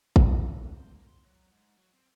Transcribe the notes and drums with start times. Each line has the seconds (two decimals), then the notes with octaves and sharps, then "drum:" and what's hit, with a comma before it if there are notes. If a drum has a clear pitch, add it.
0.16 drum: kick
0.34 D#3
0.62 B3
0.75 C5
0.92 A#3
1.07 C6
1.23 F#3
1.51 G#2
1.77 F#3
1.93 C4